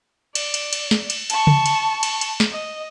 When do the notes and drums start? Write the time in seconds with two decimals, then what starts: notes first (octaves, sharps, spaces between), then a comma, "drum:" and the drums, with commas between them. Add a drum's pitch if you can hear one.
0.35 D5, drum: cymbal
0.54 drum: cymbal
0.73 drum: cymbal
0.91 drum: snare
1.10 drum: cymbal
1.30 A5 C#6, drum: cymbal
1.47 drum: tom C#3
1.66 drum: cymbal
2.03 drum: cymbal
2.21 drum: cymbal
2.40 drum: snare
2.52 D#5